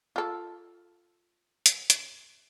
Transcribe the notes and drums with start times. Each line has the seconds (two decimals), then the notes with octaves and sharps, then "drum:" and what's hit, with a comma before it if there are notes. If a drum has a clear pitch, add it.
0.16 F4 A4
1.66 drum: hi-hat
1.90 drum: hi-hat